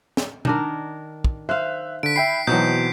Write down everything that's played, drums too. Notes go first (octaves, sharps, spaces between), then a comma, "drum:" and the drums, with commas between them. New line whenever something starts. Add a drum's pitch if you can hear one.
drum: snare
D#3 D4 A#4, drum: tom B2
drum: kick
C5 E5 F5 F#6
D3 B6 D7
E5 G5 B5 C7
B2 E3 F#3 C4 D#4 G6